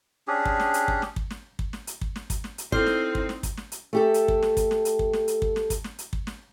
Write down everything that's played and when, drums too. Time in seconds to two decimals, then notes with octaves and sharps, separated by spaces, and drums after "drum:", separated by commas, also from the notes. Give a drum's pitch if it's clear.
0.28 C#4 D4 G4 G#4
0.45 drum: kick
0.60 drum: snare
0.74 drum: hi-hat
0.88 drum: kick
1.02 drum: snare
1.16 drum: kick
1.31 drum: snare
1.59 drum: kick
1.73 drum: snare
1.87 drum: hi-hat
2.01 drum: kick
2.16 drum: snare
2.30 drum: kick, hi-hat
2.44 drum: snare
2.58 drum: hi-hat
2.72 C4 D#4 E4 A4 C5 F6, drum: kick
2.87 drum: snare
3.15 drum: kick
3.29 drum: snare
3.43 drum: kick, hi-hat
3.57 drum: snare
3.72 drum: hi-hat
3.93 A3 G4 A4
4.14 drum: hi-hat
4.28 drum: kick
4.43 drum: snare
4.57 drum: kick, hi-hat
4.71 drum: snare
4.85 drum: hi-hat
4.99 drum: kick
5.13 drum: snare
5.28 drum: hi-hat
5.42 drum: kick
5.56 drum: snare
5.70 drum: kick, hi-hat
5.84 drum: snare
5.99 drum: hi-hat
6.13 drum: kick
6.27 drum: snare